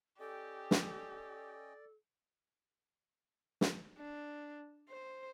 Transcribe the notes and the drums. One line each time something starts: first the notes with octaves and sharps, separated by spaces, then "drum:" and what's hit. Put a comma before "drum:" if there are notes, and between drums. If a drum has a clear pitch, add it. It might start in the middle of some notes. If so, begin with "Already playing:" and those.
C#4 G4 A4 D5 D#5 G5
drum: snare
drum: snare
D4
C5